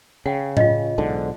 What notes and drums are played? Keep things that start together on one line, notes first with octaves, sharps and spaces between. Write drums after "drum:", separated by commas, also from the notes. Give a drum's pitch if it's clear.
C#3 F#5 G5
F4 D#5, drum: tom A2
B1 G#2 D3 A5